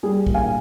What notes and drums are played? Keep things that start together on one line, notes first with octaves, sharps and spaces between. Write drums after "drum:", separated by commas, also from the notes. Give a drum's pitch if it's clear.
G3 G#4
A#2, drum: kick
F5 G#5